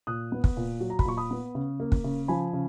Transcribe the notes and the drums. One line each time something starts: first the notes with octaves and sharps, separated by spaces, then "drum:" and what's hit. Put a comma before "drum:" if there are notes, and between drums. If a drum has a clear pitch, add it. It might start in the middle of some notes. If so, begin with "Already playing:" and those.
A#2 D#6 F#6
B3
drum: kick
A#2
F#3
A#5
B5, drum: kick
A#2 C#6
B5 D#6
B3
C#3
A#3
drum: kick
C#3
F3 G#5 B5
C#3